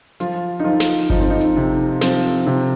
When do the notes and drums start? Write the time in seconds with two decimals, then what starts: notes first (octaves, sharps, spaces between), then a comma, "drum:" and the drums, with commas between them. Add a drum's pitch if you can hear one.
0.20 F3 F4, drum: hi-hat
0.60 D#4
0.64 F3 F4
0.80 drum: snare
1.10 F3 D#4, drum: kick G1
1.20 C4
1.30 D#4
1.41 drum: hi-hat
1.56 C3
2.01 F3 C4, drum: snare
2.46 C3